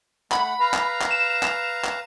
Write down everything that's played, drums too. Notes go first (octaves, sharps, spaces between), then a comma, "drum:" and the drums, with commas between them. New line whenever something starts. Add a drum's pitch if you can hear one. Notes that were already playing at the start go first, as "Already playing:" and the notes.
A3 F#5 B5, drum: clap
B4 F5 A#5
drum: clap
drum: clap
E7
drum: clap
drum: clap